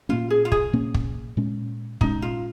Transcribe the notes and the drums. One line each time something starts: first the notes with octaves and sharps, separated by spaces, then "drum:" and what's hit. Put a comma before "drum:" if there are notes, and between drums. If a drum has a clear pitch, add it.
A#2 A#3 C#4 F4
G#4
F4
G#4, drum: kick
A#2 A#3 C#4
drum: kick
A#2 G#3 C#4
A#2 G#3 C#4 D#4, drum: kick
F4